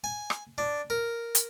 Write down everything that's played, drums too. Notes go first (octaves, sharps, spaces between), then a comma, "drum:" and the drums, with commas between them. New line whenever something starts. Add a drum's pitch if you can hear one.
G#5
drum: rim click
D4
A#4
drum: hi-hat